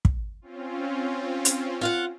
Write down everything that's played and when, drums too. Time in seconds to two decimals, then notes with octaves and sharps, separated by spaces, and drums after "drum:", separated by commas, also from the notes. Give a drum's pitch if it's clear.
0.05 drum: kick
0.42 C4 C#4 F4
1.45 drum: hi-hat
1.81 F4 F5 F#5